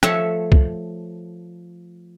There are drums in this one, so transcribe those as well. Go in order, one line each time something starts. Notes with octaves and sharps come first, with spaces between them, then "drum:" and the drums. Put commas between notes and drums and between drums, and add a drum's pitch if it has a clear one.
F3 A3 C#5 E5, drum: rim click
drum: kick